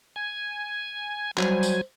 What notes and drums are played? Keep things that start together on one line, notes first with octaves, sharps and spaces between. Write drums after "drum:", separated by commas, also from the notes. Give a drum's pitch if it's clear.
G#5
F#3 G3 C5 G#5, drum: clap
drum: tambourine